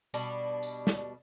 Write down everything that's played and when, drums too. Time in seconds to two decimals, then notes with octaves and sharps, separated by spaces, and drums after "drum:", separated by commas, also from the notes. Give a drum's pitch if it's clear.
0.14 B2 G3 D4, drum: tambourine
0.62 drum: tambourine
0.87 drum: snare